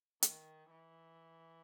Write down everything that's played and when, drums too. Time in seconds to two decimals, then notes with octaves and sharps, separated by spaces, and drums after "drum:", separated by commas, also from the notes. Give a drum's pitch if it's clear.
0.23 D#3, drum: hi-hat
0.71 E3